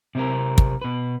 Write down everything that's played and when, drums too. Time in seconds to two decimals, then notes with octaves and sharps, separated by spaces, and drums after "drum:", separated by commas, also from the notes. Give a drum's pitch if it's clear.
0.15 C3 C4 A#4
0.58 drum: kick
0.82 B2 B4